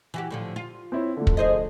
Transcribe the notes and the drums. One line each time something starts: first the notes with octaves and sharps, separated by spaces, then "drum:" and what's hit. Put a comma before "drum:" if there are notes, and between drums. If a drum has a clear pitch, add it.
E3 F#4 G4
A2 D3 F3
F4
C4 E4 C#5
D3 F3 A3
drum: kick
G#4 C5 D#5